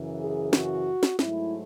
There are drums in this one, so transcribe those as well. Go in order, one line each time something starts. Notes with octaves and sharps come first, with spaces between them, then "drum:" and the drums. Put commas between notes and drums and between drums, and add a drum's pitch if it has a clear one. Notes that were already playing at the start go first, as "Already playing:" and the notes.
Already playing: F#2 C#3 E3
G#4
F#4, drum: snare
drum: snare
G#2 F#3 A3 E4, drum: snare